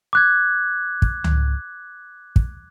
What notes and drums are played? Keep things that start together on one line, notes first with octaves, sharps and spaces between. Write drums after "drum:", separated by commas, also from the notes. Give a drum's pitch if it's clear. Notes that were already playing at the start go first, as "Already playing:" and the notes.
D6 F#6 G#6
drum: kick
drum: tom C#2
drum: kick